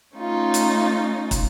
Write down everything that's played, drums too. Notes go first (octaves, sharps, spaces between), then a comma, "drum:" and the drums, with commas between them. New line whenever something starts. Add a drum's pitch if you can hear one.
A3 C#4 D#4 F4
drum: hi-hat
drum: kick, hi-hat